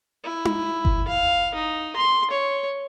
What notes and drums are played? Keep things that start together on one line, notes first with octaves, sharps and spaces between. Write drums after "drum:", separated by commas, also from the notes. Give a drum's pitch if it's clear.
E4
drum: tom D#4
drum: kick G1
F5
D#4
C6
C#5